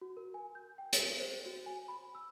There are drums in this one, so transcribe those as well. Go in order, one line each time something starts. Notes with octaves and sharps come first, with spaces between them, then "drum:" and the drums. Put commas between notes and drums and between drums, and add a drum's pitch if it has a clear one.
F#4
A#4
G#5
G6
G5
A6, drum: hi-hat
C5
F#4
G#5
B5
E6